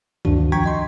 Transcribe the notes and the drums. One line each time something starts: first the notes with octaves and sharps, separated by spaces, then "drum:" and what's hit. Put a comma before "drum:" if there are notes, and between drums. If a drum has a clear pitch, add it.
D2 G2 D#3 D4 F#4, drum: kick C2
F3 G5 A#5 C#6 G#6 B6
D#5 C6